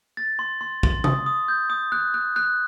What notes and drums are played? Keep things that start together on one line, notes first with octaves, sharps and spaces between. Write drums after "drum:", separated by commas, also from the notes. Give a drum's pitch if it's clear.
A6
C6
C6
C6, drum: kick
D#6, drum: tom C3
D#6
G6
D#6
F#6
F#6
F#6